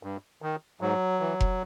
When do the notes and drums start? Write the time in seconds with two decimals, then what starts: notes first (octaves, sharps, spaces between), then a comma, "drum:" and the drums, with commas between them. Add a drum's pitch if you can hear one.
0.03 G2
0.42 D#3
0.81 G#2 F#3
1.20 E3
1.40 drum: kick F1